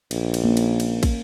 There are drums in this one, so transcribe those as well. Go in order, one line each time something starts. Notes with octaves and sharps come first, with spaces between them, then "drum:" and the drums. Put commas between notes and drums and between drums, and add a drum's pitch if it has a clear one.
A#1, drum: cymbal
drum: cymbal
A#3 C#4
drum: cymbal
drum: cymbal
drum: kick, cymbal